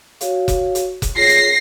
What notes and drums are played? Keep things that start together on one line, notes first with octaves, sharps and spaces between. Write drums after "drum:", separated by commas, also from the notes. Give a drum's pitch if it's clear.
F#4 C#5 F5, drum: hi-hat
drum: kick F1, hi-hat
drum: hi-hat
drum: kick F1, hi-hat
F4 G#4 C#5 A#6 C7
drum: hi-hat